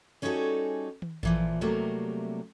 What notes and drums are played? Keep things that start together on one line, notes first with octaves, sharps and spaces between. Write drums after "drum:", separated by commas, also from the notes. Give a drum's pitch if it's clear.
G3 C#4 D#4 F#4 G#4 A4
drum: tom D#3
A#2 E3 F3, drum: kick A1
C3 F#3 G3 A3 A#3